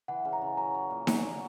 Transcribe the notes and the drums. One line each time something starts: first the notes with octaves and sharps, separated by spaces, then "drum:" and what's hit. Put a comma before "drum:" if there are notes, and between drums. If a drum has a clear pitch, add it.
E3 F#5
C#3
A#5
C#3
F#3 A#5
F#3
A#2
F#3, drum: snare D#4
F#4